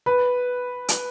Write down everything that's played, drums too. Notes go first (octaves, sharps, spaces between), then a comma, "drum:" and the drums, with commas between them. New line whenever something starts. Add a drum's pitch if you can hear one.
B4
drum: hi-hat